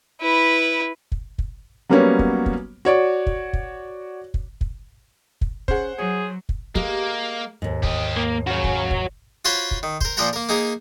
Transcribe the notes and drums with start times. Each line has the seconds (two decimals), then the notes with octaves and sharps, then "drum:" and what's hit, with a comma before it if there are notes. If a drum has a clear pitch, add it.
0.21 E4 B4
1.12 drum: kick
1.38 drum: kick
1.89 F#3 G3 A#3 B3 C#4
2.19 drum: kick
2.46 drum: kick
2.85 F#4 C#5 D5
3.27 drum: kick
3.53 drum: kick
4.34 drum: kick
4.61 drum: kick
5.41 drum: kick
5.68 C#4 G#4 C5 F#5, drum: kick
5.98 F#3 G#4 C#5
6.49 drum: kick
6.75 G#3 A#3 G4, drum: kick
7.62 D#2 G#2
7.83 G4 D#5, drum: kick
8.17 A#3
8.47 C#3 F#4 C#5
8.64 drum: kick
8.91 drum: kick
9.45 F4 F#4 C5 C#5 B5 C6
9.71 drum: kick
9.83 D#3
10.01 A#4 C5, drum: kick
10.17 A#2 F3 A#4 C5 F#5 A#5
10.33 A#3 A#4
10.49 A#3 D#4 G#4 A#4